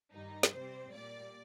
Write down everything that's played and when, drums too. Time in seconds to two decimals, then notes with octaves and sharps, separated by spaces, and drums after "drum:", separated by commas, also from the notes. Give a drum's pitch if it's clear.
0.13 G2 D#3 G3 D#4
0.43 drum: snare
0.53 C3 G3 C4 C5
0.92 A#2 G3 A#3 D5